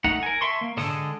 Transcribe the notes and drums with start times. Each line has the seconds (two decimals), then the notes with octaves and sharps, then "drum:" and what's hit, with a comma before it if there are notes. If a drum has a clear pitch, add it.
0.04 A3 D#4 F#5 A#5, drum: kick
0.23 A#4 G#5
0.41 E5 A5 C6 C#6
0.61 A#3
0.77 D3 G#3 A4 A5 D#6, drum: snare